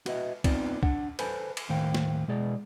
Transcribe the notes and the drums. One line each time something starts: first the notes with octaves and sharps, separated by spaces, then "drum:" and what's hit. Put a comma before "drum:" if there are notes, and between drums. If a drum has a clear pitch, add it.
F#4 B4 D#5 E5, drum: cymbal
B3 C4 D#4 F4 D5, drum: kick, cymbal
D4 F#5, drum: kick
A4 B4 C5 G#5 A5 B5, drum: cymbal
drum: cymbal
D#2 A2 D#3 C5 F5 G5
drum: snare
B2 G#3 G#4 D5